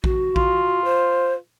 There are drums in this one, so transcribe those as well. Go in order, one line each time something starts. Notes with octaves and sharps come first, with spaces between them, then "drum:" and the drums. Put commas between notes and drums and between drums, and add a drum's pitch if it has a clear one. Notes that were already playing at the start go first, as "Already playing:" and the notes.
F#4, drum: kick A#1
F4, drum: kick A#1
C5